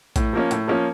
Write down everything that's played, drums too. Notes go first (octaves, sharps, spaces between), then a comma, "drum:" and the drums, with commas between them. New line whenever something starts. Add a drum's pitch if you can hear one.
A2, drum: kick A#1, hi-hat
F3 A#3 C#4
A2, drum: hi-hat
F3 A#3 C#4